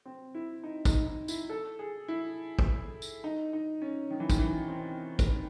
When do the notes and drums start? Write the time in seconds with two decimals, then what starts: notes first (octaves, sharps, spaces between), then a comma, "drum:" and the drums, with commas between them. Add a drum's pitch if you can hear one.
0.06 C4
0.35 E4
0.63 D#4
0.85 D#4, drum: kick, tambourine
1.06 D#4
1.28 E4, drum: tambourine
1.50 A4
1.79 G#4
2.08 E4
2.59 drum: kick
3.02 drum: tambourine
3.24 D#4
3.53 D#4
3.82 C#4
4.10 D#3
4.20 E3
4.30 D#3, drum: kick, tambourine
4.39 E3
4.68 C4
5.19 drum: kick, tambourine